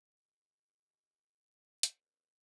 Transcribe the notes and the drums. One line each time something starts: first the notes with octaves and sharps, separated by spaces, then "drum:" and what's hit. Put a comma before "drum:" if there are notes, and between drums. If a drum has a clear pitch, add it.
D#3 E3 G#3 D4 G4
F#3 C4 D4 G4 A#4, drum: hi-hat